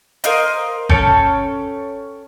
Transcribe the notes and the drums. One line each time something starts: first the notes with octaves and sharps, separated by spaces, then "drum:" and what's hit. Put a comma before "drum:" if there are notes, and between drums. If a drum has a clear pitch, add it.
A#4 C5 D#5 F5, drum: hi-hat
C#4 A4 G5 G6, drum: kick G#1